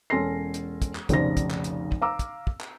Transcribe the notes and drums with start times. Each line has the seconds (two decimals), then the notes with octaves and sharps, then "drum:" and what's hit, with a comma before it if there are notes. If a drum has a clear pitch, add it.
0.10 E1 C#4 A4 C6 A#6 C7
0.54 drum: hi-hat
0.82 drum: kick, hi-hat
0.95 drum: clap
1.09 F1 B1 C#3 C5 D5 A#6, drum: kick, hi-hat
1.37 drum: kick, hi-hat
1.51 drum: clap
1.64 drum: hi-hat
1.92 drum: kick
2.02 F5 A#5 D6 E6
2.19 drum: kick, hi-hat
2.47 drum: kick
2.61 drum: clap